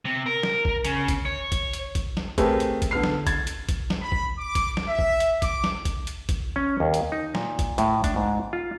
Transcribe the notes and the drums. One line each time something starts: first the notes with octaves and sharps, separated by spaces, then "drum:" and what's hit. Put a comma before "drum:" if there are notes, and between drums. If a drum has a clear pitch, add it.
C3
A#4
drum: snare
drum: kick G#1
C#3, drum: hi-hat
drum: kick G#1, hi-hat
C#5
drum: kick G#1, hi-hat
drum: hi-hat
drum: kick G#1, hi-hat
drum: snare
A3 C4 G4 G#4 A#4 B4, drum: kick G#1, hi-hat
drum: hi-hat
drum: kick G#1, hi-hat
D3 B3 F6 C7
drum: snare
G#6 A6, drum: kick G#1, hi-hat
drum: hi-hat
drum: kick G#1, hi-hat
drum: snare
B5
drum: kick G#1
D6
drum: kick G#1, hi-hat
drum: snare
E5
drum: kick G#1
drum: hi-hat
D6, drum: kick G#1, hi-hat
drum: snare
drum: kick G#1, hi-hat
drum: hi-hat
drum: kick G#1, hi-hat
C#4
D#2
drum: hi-hat
D#4
A#2, drum: snare
drum: kick G#1, hi-hat
A2, drum: hi-hat
D4, drum: kick G#1, hi-hat
G#2
F4